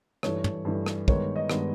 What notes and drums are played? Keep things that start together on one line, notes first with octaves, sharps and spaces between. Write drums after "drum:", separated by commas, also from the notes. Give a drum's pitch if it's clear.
G2 E3 A3 C#5, drum: rim click
drum: tom
G2 E3 A3
drum: rim click
G2 D#3 G#3 B3 C#5, drum: kick
D#5
G2 D#3 G#3 B3, drum: rim click